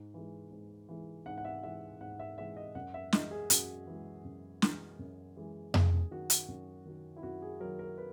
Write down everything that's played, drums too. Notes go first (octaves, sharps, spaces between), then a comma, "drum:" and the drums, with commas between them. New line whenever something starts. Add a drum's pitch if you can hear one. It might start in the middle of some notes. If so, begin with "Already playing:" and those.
Already playing: G#2
E3 G#3
G#2
E3 G#3
G#2 F#5
F#5
E5
E3 G#3 E5
G#2 F#5
E5
E3 G#3 E5
D#5
F#2 F#5
E5
E3 G#3 D#5, drum: snare
G#4
F#2 F#4, drum: hi-hat
E3 G#3
F#2
E3 G#3, drum: snare
F#2
E3 G#3
F#2 G#4, drum: tom F2
D#3 F#3 F#4
drum: hi-hat
F#2
D#3 F#3
E4
F#2 F#4
G#4
D#3 F#3 A#4
A#4
B4